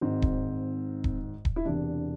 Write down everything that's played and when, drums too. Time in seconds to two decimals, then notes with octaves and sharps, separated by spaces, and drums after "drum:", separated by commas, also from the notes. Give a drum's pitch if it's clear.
0.01 G#1 G#2 G#3 C4
0.22 drum: kick D#1
1.04 drum: kick D#1
1.45 drum: kick D#1
1.56 E4
1.65 E1 E2 C3 D4